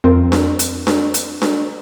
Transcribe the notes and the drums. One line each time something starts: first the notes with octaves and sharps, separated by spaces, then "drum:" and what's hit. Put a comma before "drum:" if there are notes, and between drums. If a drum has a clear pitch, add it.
F2 F3 C4 F4 A#4
drum: snare D4
drum: hi-hat
drum: snare D4
drum: hi-hat
drum: snare D4